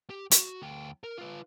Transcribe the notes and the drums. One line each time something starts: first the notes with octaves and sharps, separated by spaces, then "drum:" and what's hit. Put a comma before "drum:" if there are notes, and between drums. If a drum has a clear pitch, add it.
G4
F#4, drum: hi-hat
D2 G5
A#4
F4 B4